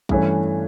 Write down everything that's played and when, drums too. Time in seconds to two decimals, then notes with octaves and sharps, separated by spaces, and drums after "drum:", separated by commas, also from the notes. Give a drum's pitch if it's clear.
0.09 G2 E3 A3 C#4, drum: kick A#1